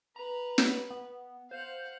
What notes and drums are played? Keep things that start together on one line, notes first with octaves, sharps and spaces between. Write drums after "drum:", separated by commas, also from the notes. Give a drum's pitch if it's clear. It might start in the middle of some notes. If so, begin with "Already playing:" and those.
B4 A#5
drum: snare
B3
C5 F5 F#5